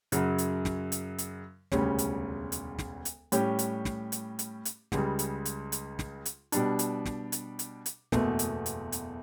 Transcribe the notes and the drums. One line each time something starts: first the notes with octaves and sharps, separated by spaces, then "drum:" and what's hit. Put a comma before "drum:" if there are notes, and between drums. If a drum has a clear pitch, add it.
F#2 C#3 F#3, drum: hi-hat
drum: hi-hat
drum: snare
drum: hi-hat
drum: hi-hat
E1 D2 C#3 G3 C#4, drum: snare
drum: hi-hat
drum: hi-hat
drum: snare
drum: hi-hat
A2 G3 C#4 G4, drum: hi-hat
drum: hi-hat
drum: snare
drum: hi-hat
drum: hi-hat
drum: hi-hat
C#2 C#3 G3, drum: snare
drum: hi-hat
drum: hi-hat
drum: hi-hat
drum: snare
drum: hi-hat
B2 G3 D4, drum: hi-hat
drum: hi-hat
drum: snare
drum: hi-hat
drum: hi-hat
drum: hi-hat
F#1 E2 B2 A3, drum: snare
drum: hi-hat
drum: hi-hat
drum: hi-hat